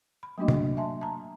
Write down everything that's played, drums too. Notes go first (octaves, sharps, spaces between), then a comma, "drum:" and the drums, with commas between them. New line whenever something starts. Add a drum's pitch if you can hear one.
B5
F#3 A3 A#3 D4 F#4 D#5
drum: tom
E5 G#5 A5 C6
A5 A#5